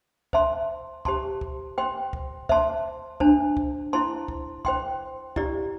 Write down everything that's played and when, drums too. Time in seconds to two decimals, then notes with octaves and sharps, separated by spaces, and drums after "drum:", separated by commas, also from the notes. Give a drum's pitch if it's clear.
0.33 C5 E5 A5 C6, drum: kick
1.05 G4 C5 A5 C6, drum: kick
1.41 drum: kick
1.78 C5 G5 C6
2.13 drum: kick
2.49 C5 E5 A5 C6, drum: kick
3.20 D4 C5 A5, drum: kick
3.57 drum: kick
3.93 E4 C5 A5 C6
4.28 drum: kick
4.65 C5 G5 C6, drum: kick
5.36 E4 G4 D5, drum: kick